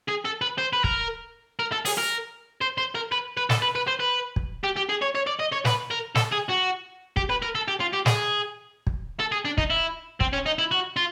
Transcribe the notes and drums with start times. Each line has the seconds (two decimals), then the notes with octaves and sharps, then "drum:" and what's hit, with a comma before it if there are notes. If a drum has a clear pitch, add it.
0.08 G#4
0.25 A4
0.41 B4
0.58 C5
0.73 B4
0.84 A#4, drum: kick
1.60 A#4
1.72 A4
1.85 G#4, drum: open hi-hat
1.98 A#4
2.61 C5
2.78 C5
2.95 A#4
3.12 B4
3.37 B4
3.50 A4, drum: snare
3.62 B4
3.76 B4
3.88 C5
4.00 B4
4.36 drum: kick
4.64 G4
4.76 G4
4.89 G#4
5.02 C#5
5.15 C#5
5.27 D5
5.39 D#5
5.52 C#5
5.65 B4, drum: snare
5.91 A#4
6.15 A4, drum: snare
6.32 G#4
6.49 F#4
7.17 G4, drum: kick
7.30 B4
7.42 A#4
7.55 A4
7.68 G4
7.80 F4
7.93 G4
8.06 G#4, drum: snare
8.87 drum: kick
9.20 A4
9.32 G#4
9.45 D4
9.58 D#4, drum: kick
9.70 E4
10.21 C4, drum: kick
10.33 C#4
10.46 D#4
10.59 E4
10.71 F#4
10.97 F4